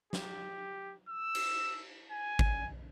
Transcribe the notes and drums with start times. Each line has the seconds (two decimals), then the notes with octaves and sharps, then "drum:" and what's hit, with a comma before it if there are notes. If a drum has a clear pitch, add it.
0.13 G4, drum: snare
1.09 E6
1.35 drum: cymbal
2.12 G#5
2.39 drum: kick G#1